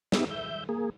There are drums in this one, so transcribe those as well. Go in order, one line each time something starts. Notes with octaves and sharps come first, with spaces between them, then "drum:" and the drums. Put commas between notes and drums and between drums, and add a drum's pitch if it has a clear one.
B3 D#4 G4 E5, drum: snare
E5 G6
A#3 G#4